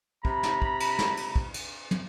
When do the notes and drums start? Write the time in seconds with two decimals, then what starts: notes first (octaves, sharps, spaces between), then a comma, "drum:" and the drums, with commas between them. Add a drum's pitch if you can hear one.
0.25 C3 A#5 B5, drum: kick
0.43 drum: snare
0.62 drum: kick
0.80 drum: cymbal
0.99 drum: snare
1.17 drum: cymbal
1.36 drum: kick
1.54 drum: cymbal
1.91 drum: tom